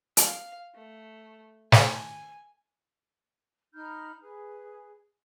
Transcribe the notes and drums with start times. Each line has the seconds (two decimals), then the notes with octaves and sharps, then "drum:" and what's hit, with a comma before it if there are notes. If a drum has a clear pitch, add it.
0.17 F5, drum: hi-hat
0.75 A3
1.72 G#5, drum: snare
3.74 D#4 B5 F6 G6
4.21 G#4 B4